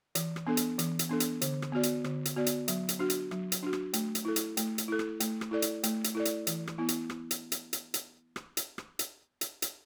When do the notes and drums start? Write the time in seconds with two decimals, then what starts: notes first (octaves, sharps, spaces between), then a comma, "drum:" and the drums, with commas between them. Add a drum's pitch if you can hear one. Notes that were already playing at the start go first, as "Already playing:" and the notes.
0.15 E3, drum: hi-hat
0.36 drum: rim click
0.47 B3 D4 A4
0.57 drum: hi-hat
0.79 E3, drum: hi-hat
0.99 drum: hi-hat
1.09 B3 D4 A4
1.20 drum: hi-hat
1.41 D3, drum: hi-hat
1.62 drum: rim click
1.73 B3 F#4 D5
1.83 drum: hi-hat
2.04 D3, drum: rim click
2.25 drum: hi-hat
2.36 B3 F#4 D5
2.46 drum: hi-hat
2.68 F#3, drum: hi-hat
2.89 drum: hi-hat
2.99 D4 F#4
3.10 drum: hi-hat
3.31 F#3, drum: rim click
3.52 drum: hi-hat
3.63 D4 F#4
3.73 drum: rim click
3.93 A3, drum: hi-hat
4.15 drum: hi-hat
4.25 E4 A4
4.36 drum: hi-hat
4.57 A3, drum: hi-hat
4.78 drum: hi-hat
4.88 E4 A4
4.99 drum: rim click
5.20 A3, drum: hi-hat
5.41 drum: rim click
5.51 E4 A4 D5
5.62 drum: hi-hat
5.83 A3, drum: hi-hat
6.04 drum: hi-hat
6.15 E4 A4 D5
6.25 drum: hi-hat
6.47 E3, drum: hi-hat
6.67 drum: rim click
6.78 B3 E4
6.89 drum: hi-hat
7.10 drum: rim click
7.31 drum: hi-hat
7.52 drum: hi-hat
7.73 drum: hi-hat
7.94 drum: hi-hat
8.36 drum: rim click
8.57 drum: hi-hat
8.78 drum: rim click
8.99 drum: hi-hat
9.41 drum: hi-hat
9.62 drum: hi-hat